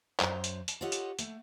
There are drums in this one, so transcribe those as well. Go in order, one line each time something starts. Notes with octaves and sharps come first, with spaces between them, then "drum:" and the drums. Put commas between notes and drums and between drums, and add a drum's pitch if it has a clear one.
F#2 C5 C#5, drum: clap
drum: hi-hat
drum: hi-hat
F4 G4 A4 C#5 D#5 F#5
drum: hi-hat
A3, drum: hi-hat